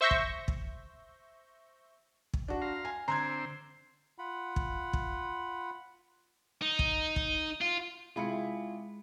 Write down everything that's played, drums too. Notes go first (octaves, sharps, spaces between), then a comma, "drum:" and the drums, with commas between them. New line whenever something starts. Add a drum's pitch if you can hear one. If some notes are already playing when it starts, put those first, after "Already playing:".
C5 E5 C#6 E6 G6 A#6
drum: kick
drum: kick
drum: kick
D4 F#4
F5 A#5 C6
G#5
D3 C4 C5 A#5 C6 G#6
F4 F#5 B5
drum: kick
drum: kick
D#4
drum: kick
drum: kick
F4
C3 G#3 E4 F4 G#4 B5 C#7